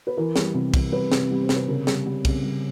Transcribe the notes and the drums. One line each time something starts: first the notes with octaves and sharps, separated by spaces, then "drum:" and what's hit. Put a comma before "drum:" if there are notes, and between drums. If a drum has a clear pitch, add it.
B4
E3 A#4
G3, drum: snare
C3
C3, drum: kick, cymbal
G3 B4
C3, drum: snare
G3
C5
C3, drum: snare
B4
C#3 A#4
G3, drum: snare
G3
C#3, drum: kick, cymbal
G3